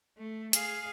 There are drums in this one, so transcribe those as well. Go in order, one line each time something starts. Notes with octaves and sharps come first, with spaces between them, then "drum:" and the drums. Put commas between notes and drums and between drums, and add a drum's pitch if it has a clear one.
A3
G#4 F5, drum: hi-hat